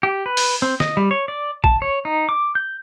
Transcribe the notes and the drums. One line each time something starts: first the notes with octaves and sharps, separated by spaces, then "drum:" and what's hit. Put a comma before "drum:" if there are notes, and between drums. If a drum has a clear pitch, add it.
G4
B4
drum: open hi-hat
C4
D#5, drum: snare
G3
C#5
D5
A5, drum: kick
C#5
D#4
D6
G6